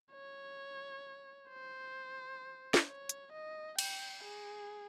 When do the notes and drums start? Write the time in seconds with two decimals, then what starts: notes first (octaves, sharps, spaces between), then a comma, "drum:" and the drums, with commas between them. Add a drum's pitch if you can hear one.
0.12 C#5
1.49 C5
2.74 drum: snare
2.87 C#5
3.09 drum: hi-hat
3.32 D#5
3.79 G5, drum: cymbal
4.24 G#4